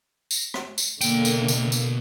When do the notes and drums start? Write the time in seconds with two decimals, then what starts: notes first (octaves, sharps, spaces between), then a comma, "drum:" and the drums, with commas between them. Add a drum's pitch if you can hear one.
0.31 drum: tambourine
0.54 drum: rim click
0.78 drum: tambourine
1.01 B2 D3 A#3 G5, drum: tambourine
1.25 drum: tambourine
1.48 drum: tambourine
1.72 drum: tambourine